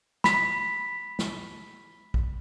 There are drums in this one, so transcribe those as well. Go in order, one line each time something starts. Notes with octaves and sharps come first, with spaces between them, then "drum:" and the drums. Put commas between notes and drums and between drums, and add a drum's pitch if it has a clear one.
B5 B6, drum: snare
drum: snare
drum: kick A#1